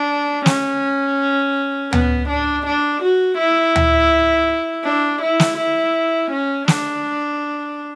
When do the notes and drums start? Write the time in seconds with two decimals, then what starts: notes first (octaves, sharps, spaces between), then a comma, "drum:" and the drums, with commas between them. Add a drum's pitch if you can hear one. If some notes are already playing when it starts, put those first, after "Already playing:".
Already playing: D4
0.46 C#4, drum: snare
1.93 B3, drum: tom D2
2.29 D4
2.66 D4
3.03 F#4
3.38 E4
3.76 drum: tom D2
4.84 D4
5.22 E4
5.40 drum: snare
5.57 E4
6.31 C#4
6.68 D4, drum: snare